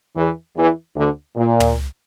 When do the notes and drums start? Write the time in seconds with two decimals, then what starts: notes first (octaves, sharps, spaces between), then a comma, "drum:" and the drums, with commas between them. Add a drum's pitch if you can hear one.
0.16 E2 E3
0.56 E2 E3
0.96 D2 D3
1.36 A#2
1.60 drum: tom